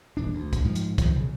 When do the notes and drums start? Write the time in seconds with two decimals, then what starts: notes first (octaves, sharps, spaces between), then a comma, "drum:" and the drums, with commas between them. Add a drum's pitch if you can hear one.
0.17 D#1 D4
0.34 D2
0.53 drum: kick, hi-hat
0.65 G#2 F3
0.75 drum: hi-hat
0.98 D#3 F3, drum: kick, hi-hat
1.15 B1 C#3